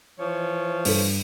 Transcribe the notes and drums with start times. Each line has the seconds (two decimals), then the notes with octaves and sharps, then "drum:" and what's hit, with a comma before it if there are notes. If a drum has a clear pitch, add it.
0.19 E3 F3 C#5
0.85 G2 A4, drum: open hi-hat